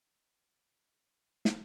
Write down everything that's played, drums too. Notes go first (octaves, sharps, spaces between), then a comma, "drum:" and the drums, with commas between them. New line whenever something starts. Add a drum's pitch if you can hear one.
G4
F5
drum: snare